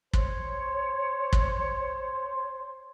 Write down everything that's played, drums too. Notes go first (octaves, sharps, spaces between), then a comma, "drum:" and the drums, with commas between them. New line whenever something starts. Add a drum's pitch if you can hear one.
C5 C#5, drum: kick
drum: kick